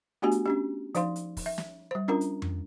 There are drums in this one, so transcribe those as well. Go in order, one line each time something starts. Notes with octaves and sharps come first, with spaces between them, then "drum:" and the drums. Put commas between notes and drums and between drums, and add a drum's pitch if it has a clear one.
A3 B3 D4 F#4 G4 G#5
drum: hi-hat
C#4 D4 G4
F3 D#4 C5 F5 C6, drum: hi-hat
drum: hi-hat
drum: kick, open hi-hat
E5
drum: snare
G3 C5
C#4 D4 F4 A#4 A#5
drum: hi-hat
drum: tom F2